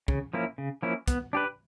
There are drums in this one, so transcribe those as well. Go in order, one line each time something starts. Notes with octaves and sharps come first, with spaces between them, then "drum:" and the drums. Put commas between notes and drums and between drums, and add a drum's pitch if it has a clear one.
C#3, drum: kick
F3 A#3 C#4 E4
C#3
F3 A#3 C#4 E4
B3, drum: kick, hi-hat
D4 G4 B4